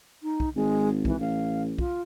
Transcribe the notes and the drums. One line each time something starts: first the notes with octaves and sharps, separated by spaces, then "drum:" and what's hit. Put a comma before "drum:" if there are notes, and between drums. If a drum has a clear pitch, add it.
D#4
drum: kick
G#1 G#3
E3, drum: kick
A1 F5
F4, drum: kick